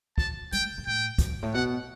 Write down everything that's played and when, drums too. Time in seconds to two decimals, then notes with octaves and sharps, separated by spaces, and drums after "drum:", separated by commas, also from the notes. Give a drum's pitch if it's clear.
0.18 A5, drum: kick
0.52 G3 G5, drum: hi-hat
0.61 A3
0.69 C3
0.78 F#2
0.87 A2 G5
1.18 F#2, drum: kick, hi-hat
1.30 G2
1.43 A2
1.53 B2 F#5